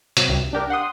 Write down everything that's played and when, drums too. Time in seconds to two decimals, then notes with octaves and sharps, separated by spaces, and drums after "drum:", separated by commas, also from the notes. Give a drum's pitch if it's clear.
0.17 C3 F#3, drum: hi-hat
0.29 C#2 G2 C3
0.53 D4 G4 A#4
0.70 F#5 C6 D#6